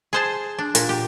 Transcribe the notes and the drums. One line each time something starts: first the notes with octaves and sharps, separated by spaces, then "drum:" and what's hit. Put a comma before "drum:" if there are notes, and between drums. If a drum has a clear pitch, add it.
G#4 C5 A5
D4
A#2, drum: hi-hat
G4